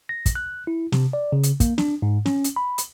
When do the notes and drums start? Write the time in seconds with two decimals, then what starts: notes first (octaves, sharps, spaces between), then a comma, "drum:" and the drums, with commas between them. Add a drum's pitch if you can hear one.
0.09 A#6
0.26 drum: kick, hi-hat
0.35 F#6
0.67 E4
0.92 C3, drum: snare
1.13 D5
1.32 C#3
1.43 drum: hi-hat
1.60 A#3, drum: kick, hi-hat
1.78 D4, drum: snare
2.02 G#2
2.26 C#4, drum: snare
2.44 drum: hi-hat
2.56 B5
2.78 drum: hi-hat